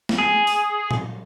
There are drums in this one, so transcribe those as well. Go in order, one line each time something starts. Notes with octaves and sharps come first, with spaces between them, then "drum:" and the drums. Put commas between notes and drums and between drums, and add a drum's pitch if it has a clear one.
drum: snare
G#4
drum: open hi-hat
drum: tom A#2